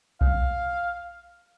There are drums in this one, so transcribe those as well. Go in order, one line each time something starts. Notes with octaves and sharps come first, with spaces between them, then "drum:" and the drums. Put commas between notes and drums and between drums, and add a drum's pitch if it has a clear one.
F5, drum: kick B1